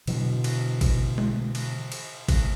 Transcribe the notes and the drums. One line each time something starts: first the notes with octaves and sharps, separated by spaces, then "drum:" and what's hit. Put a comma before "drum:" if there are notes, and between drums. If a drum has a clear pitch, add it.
B2 D3 E3 F#3, drum: cymbal
drum: cymbal
drum: kick G#1, cymbal
drum: tom G#3
drum: cymbal
drum: cymbal
drum: kick G#1, cymbal